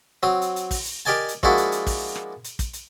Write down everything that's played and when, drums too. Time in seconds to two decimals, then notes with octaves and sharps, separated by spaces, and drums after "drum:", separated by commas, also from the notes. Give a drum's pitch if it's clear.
0.23 F#3 C4 D#6
0.42 drum: hi-hat
0.56 drum: hi-hat
0.71 drum: kick, open hi-hat
0.85 drum: hi-hat
1.05 G4 A#4 D5 D#5 G#5 A5
1.29 drum: hi-hat
1.43 F3 G#3 A#3 D4 E4 F#4, drum: kick
1.58 drum: hi-hat
1.72 drum: hi-hat
1.87 drum: kick, open hi-hat
2.16 drum: rim click
2.44 drum: hi-hat
2.59 drum: kick, hi-hat
2.73 drum: hi-hat